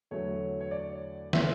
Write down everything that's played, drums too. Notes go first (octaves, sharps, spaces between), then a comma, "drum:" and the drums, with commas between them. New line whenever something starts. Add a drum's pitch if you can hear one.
E2 D3 F#3 A3 C#5
C#5
D5
C#3 E3 A3 C#4 E5, drum: snare